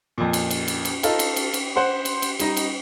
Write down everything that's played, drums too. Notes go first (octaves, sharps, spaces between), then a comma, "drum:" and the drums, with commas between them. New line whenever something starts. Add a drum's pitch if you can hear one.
F2 A#2
drum: cymbal
drum: cymbal
drum: cymbal
drum: cymbal
D#4 F4 A4 D#5, drum: cymbal
drum: cymbal
drum: cymbal
drum: cymbal
C5 F#5 C6
drum: cymbal
drum: cymbal
G3 D#4 D#5, drum: cymbal
drum: cymbal